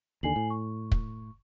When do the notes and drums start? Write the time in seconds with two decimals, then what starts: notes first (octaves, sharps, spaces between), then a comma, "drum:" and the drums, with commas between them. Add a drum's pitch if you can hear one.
0.23 D#2 D3 G#5 C7 F#7
0.36 A2
0.50 C#6
0.92 drum: kick